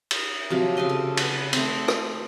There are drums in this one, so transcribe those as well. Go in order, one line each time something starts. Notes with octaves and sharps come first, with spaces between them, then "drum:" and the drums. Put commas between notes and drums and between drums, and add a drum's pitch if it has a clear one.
drum: cymbal
C3 F3 F#3
C#3 G4 D#5 C6
A4
B4 F#5 G#5, drum: cymbal
A3 C4, drum: cymbal
drum: rim click